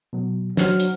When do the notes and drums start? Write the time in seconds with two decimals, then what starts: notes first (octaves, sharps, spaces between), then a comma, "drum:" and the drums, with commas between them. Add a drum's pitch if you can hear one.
0.13 B2 F#3
0.57 F#3 D4 C5 F6, drum: snare
0.79 drum: hi-hat